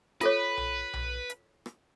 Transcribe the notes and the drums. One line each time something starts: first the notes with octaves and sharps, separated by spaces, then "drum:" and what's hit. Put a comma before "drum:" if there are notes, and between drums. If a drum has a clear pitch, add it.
F4 A4 B4 C#5, drum: hi-hat
drum: tom B1
drum: tom B1
drum: hi-hat
drum: rim click